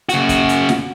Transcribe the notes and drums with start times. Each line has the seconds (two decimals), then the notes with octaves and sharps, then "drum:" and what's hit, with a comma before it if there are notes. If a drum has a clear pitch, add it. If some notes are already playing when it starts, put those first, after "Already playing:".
0.09 C#3 F#4, drum: hi-hat
0.29 drum: kick, hi-hat
0.49 drum: hi-hat
0.69 drum: snare